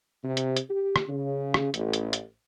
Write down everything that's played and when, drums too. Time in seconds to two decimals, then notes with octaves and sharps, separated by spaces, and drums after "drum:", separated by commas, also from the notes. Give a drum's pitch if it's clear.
0.23 C3
0.37 drum: hi-hat
0.57 drum: hi-hat
0.70 G4
0.96 drum: rim click
1.08 C#3
1.54 drum: rim click
1.74 A1, drum: hi-hat
1.93 drum: hi-hat
2.13 drum: hi-hat